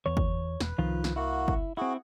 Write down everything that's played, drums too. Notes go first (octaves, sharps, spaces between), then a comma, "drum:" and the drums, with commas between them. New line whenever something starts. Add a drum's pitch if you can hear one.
E2 E3 C#5
drum: kick
E1 B4, drum: snare
C2 D#3 F3 F4
drum: snare
A#3 E4 F#4 F#5
drum: kick
C4 E4 F#4 G#4 F#5